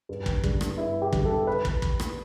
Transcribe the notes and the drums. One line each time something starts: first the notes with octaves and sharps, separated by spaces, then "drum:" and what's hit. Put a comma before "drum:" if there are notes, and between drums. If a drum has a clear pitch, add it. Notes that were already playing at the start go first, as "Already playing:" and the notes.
G2
drum: kick
D3 G3, drum: kick
drum: rim click
G2 E4
G4
D3 G3, drum: kick
A4
B4
drum: kick
drum: kick
drum: rim click